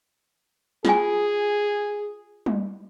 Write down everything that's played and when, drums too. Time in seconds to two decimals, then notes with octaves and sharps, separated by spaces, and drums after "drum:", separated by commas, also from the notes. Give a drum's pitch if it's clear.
0.85 F4 G#4 G#5, drum: snare
2.46 drum: tom G3